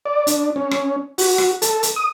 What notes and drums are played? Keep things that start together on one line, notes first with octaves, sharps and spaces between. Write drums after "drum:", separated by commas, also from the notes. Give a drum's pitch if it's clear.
D5
D4, drum: hi-hat
C#4
drum: rim click
F#4, drum: open hi-hat
drum: rim click
A4, drum: hi-hat
drum: hi-hat
D#6